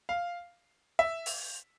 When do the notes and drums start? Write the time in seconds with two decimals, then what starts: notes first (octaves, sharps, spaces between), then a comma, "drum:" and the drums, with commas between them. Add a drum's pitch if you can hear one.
0.09 F5
0.99 E5
1.26 drum: open hi-hat